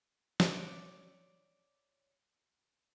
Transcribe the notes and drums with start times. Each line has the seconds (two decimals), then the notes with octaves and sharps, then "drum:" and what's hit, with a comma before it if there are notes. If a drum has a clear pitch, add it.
0.40 C#5 D5, drum: snare